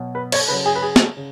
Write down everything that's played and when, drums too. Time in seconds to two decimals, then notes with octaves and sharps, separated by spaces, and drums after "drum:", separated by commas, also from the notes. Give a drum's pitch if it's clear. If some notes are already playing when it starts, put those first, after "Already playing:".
Already playing: B2 F#3
0.15 B4
0.32 C#5, drum: cymbal
0.48 C#3 F#3 B4
0.66 G#4
0.76 B4
0.82 G#4
0.96 drum: snare
1.17 C#3